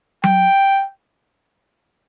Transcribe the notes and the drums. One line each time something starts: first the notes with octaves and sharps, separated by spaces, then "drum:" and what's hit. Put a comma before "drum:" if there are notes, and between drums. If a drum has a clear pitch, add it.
G5, drum: tom F#3